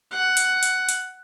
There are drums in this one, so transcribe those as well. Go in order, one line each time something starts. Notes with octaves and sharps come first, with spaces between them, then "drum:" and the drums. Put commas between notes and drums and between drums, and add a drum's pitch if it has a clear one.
F#5
drum: hi-hat
drum: hi-hat
drum: hi-hat